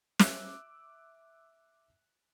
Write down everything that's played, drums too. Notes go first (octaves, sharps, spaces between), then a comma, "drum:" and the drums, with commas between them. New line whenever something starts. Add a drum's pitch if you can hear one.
E5 D6 E6 F#6, drum: snare